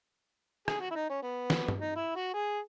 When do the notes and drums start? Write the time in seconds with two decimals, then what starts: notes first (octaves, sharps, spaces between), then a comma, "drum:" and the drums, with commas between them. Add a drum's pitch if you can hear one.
0.68 G#4, drum: rim click
0.81 F#4
0.91 E4
0.95 D#4
1.09 C#4
1.23 B3
1.50 drum: snare
1.68 drum: tom
1.79 D#4
1.96 E4
2.16 F#4
2.34 G#4